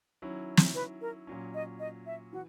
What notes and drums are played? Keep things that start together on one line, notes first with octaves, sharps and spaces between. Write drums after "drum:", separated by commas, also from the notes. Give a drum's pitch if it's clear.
D#3 F#3 C#4 E4
drum: snare
B4
A#4
A#2 F#3 C#4
D#5
D#5
E5
E3 F#4